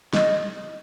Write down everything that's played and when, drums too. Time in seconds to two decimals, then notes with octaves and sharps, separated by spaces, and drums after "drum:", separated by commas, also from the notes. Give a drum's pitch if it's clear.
0.13 D#5, drum: snare